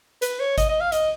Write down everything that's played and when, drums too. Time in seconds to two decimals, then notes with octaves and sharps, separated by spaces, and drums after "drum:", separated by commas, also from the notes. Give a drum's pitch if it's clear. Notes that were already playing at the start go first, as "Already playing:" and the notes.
0.22 B4, drum: hi-hat
0.40 C#5
0.58 D#5, drum: kick G#1, hi-hat
0.69 D#5
0.81 F5
0.92 D#5, drum: hi-hat